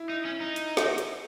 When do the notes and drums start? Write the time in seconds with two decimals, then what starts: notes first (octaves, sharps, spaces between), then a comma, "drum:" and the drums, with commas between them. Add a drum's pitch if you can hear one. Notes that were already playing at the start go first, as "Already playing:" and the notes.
Already playing: E4
0.10 D#4
0.25 C#4
0.41 D#4
0.56 drum: hi-hat
0.77 drum: snare
0.98 drum: hi-hat